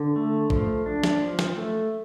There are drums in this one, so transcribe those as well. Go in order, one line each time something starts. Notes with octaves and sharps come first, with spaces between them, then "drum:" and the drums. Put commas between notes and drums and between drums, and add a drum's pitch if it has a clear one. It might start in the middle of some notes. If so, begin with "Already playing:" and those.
Already playing: D3
A3
F3, drum: kick
D4
drum: snare
F3
drum: snare
A3